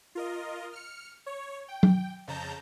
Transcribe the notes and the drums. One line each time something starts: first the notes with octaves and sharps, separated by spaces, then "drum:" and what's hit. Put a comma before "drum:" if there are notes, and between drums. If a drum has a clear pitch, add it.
F4 A#4 D#5
F6 C#7
C#5
G5
drum: tom
F2 C#3 A5 A#5 G6